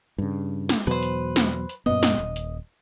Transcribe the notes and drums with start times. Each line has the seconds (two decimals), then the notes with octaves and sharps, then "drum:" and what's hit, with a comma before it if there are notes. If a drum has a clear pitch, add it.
0.18 G2 C#3
0.69 drum: snare
0.87 E2 B2 F#3 B4 C5
1.03 drum: hi-hat
1.36 drum: snare
1.69 drum: hi-hat
1.86 F#2 A#2 B3 D#5
2.03 drum: snare
2.18 D#1
2.36 drum: hi-hat